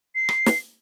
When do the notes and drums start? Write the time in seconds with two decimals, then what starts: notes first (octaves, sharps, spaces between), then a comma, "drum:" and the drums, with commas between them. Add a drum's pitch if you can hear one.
0.15 C7
0.29 drum: rim click
0.46 drum: snare